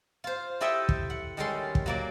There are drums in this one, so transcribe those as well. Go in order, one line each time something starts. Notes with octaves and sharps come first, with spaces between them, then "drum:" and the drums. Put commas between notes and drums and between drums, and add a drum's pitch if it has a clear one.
F4 C5
E4 G4 A4 D#5 E5 G5
drum: kick
F#5
D#3 G3 G#3 C#4 A4 C6
drum: kick
F#3 A#3 D5